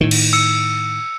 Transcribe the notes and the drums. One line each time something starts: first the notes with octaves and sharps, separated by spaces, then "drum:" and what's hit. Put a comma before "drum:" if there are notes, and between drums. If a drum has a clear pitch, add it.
A2 D#3
drum: cymbal
E6 C#7